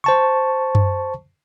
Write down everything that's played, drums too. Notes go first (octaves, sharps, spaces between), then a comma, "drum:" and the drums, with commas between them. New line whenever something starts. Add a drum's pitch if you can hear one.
C5 A5 C#6
drum: tom F#2